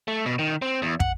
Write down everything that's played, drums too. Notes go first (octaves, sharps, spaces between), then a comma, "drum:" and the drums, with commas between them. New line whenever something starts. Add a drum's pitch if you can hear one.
A3
B2
D#3
C4
E2
F#5, drum: kick